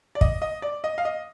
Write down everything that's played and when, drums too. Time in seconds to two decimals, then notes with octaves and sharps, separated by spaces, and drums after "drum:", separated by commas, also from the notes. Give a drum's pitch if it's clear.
0.15 D5
0.21 D#5, drum: kick
0.42 D#5
0.62 D5
0.84 D#5
0.98 F5
1.05 D#5